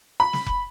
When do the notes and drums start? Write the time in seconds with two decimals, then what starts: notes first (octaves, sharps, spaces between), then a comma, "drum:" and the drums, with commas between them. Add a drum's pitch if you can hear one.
0.20 B5
0.33 drum: snare
0.47 drum: kick F1